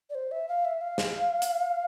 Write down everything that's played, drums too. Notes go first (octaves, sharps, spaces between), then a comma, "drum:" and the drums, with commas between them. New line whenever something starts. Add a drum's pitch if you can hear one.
D5
C5
E5
F5
E5
F5
drum: snare
drum: hi-hat